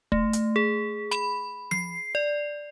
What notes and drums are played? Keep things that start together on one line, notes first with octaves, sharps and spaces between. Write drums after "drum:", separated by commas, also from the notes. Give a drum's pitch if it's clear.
A3, drum: kick
drum: hi-hat
G#4
B5, drum: snare
C7, drum: tom F3
D5